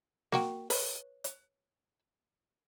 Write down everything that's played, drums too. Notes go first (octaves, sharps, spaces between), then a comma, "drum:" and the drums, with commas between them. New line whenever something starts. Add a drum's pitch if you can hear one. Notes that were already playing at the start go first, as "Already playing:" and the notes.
A#3 F#4 G5, drum: snare
B4 C#5, drum: open hi-hat
drum: hi-hat